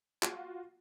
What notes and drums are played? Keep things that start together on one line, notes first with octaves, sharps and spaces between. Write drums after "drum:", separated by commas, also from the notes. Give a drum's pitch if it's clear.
F4 F#4, drum: clap